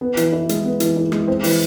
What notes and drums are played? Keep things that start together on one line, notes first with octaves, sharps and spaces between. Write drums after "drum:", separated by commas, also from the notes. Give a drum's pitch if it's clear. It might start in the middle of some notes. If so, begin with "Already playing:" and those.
B3
E3, drum: hi-hat
E4
G#3, drum: hi-hat
B3
E3, drum: hi-hat
E4
G#3, drum: rim click
C4
E3, drum: open hi-hat